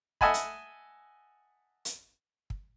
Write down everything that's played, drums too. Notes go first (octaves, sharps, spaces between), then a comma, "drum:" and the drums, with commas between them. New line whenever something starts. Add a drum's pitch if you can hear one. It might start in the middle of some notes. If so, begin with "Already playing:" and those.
D#5 E5 F#5 G#5 A5 B5, drum: kick
drum: hi-hat
drum: hi-hat
drum: kick